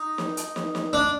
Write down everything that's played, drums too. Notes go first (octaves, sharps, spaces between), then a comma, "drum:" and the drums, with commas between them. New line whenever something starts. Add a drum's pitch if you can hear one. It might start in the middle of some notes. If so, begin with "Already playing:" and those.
Already playing: D#4
drum: snare
drum: hi-hat
drum: snare
drum: snare
D4